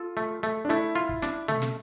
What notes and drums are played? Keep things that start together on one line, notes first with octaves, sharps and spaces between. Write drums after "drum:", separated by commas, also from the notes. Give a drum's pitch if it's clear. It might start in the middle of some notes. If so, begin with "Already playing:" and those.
Already playing: F4 A4
A3
A3
D4
A3 E4
F4
drum: kick
D4, drum: snare
A3, drum: tom B2
drum: snare